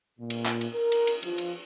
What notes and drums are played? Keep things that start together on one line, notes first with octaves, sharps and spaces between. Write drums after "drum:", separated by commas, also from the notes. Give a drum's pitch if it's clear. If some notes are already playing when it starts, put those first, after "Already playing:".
A#2
drum: cymbal
drum: clap
drum: cymbal
A#4
drum: cymbal
drum: cymbal
F3, drum: cymbal
drum: cymbal